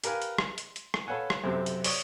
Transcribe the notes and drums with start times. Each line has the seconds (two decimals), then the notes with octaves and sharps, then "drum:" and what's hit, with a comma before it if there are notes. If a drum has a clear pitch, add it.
0.04 G4 A#4 B4 F5 G#5, drum: hi-hat
0.22 drum: hi-hat
0.38 C6, drum: rim click
0.58 drum: hi-hat
0.76 drum: hi-hat
0.94 drum: rim click
1.07 A4 B4 C#5 F5 F#5 G#5
1.30 drum: rim click
1.43 B1 F#2 C3 C4 G4 A4
1.66 drum: hi-hat
1.84 C#5 D5 C#6 D#6, drum: open hi-hat